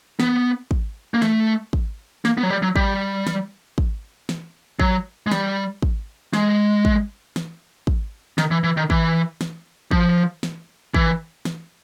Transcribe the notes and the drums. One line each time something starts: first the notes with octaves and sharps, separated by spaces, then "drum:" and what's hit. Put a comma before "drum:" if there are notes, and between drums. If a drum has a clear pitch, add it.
B3, drum: snare
drum: kick
A#3
A3, drum: snare
drum: kick
A#3, drum: snare
B3
F#3
G3
F#3
G3, drum: kick
drum: snare
drum: kick
drum: snare
F#3, drum: kick
G#3
G3, drum: snare
drum: kick
G#3, drum: snare
drum: kick
drum: snare
drum: kick
D#3, drum: snare
E3
E3
D#3
E3, drum: kick
drum: snare
F3, drum: kick
drum: snare
E3, drum: kick
drum: snare